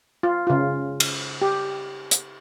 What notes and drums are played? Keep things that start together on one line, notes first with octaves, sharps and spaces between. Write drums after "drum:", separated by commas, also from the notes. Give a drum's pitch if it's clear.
F4
C#3 F4
drum: cymbal
G4
drum: hi-hat